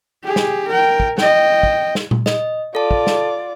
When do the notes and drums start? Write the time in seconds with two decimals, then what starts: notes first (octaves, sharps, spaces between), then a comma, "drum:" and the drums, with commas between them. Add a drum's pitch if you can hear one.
0.24 G4 G#4
0.36 drum: snare
0.68 A#4 G5
1.00 drum: kick
1.18 D#5 G5, drum: snare
1.63 drum: kick
1.95 drum: snare
2.11 drum: tom A#2
2.26 D#5, drum: snare
2.75 F4 A4 D5 A5
2.91 drum: kick
3.07 drum: snare